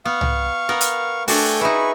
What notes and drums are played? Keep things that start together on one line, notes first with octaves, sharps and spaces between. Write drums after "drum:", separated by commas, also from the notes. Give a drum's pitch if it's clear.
B3 F5 C#6
drum: tom C2
B3 A#4
drum: hi-hat
A3 D4 F#4 G5 G#5, drum: open hi-hat
D#4 E4 G#4 B4 C#6